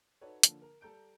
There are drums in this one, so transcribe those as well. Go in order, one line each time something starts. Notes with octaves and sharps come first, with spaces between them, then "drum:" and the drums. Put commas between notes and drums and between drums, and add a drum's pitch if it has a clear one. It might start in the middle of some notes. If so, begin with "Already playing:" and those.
D#4 F#4 A4 B4 C#5 D5
D3 F3 A#3, drum: hi-hat
A#4
G3 A4 A#5 G6 D7